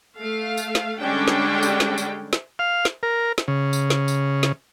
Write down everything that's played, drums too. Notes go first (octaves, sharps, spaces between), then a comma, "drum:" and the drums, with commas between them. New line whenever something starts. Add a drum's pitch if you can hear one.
A3 F5
drum: tambourine
drum: snare
D3 G3 G#3 C#4 D4 G5
drum: snare
drum: tambourine
drum: snare
drum: tambourine
drum: snare
F5
drum: snare
A#4
drum: snare
C#3
drum: tambourine
drum: snare
drum: tambourine
drum: snare